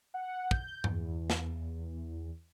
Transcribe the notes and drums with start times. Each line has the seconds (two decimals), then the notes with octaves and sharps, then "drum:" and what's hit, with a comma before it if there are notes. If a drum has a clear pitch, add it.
0.14 F#5
0.51 G6, drum: kick
0.84 E2, drum: tom G2
1.30 drum: snare